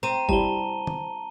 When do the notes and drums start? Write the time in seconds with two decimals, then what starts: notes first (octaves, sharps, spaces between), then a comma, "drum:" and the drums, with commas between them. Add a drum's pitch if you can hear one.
0.03 C4 A#5 D#7
0.29 G3 E4 A5 G7, drum: kick
0.87 drum: tom